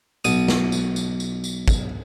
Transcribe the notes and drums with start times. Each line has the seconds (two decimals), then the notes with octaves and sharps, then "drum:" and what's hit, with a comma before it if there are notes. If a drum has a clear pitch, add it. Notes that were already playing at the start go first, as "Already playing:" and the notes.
0.25 B1 D#6, drum: tambourine
0.48 drum: snare
0.72 drum: tambourine
0.96 drum: tambourine
1.20 drum: tambourine
1.44 drum: tambourine
1.68 drum: kick, tambourine